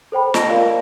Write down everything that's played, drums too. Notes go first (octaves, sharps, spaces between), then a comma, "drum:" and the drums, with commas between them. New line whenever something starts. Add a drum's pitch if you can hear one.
A4 C5 G5 B5
F4 D#5 A5 A#6 D7, drum: snare
A#4 D5 F5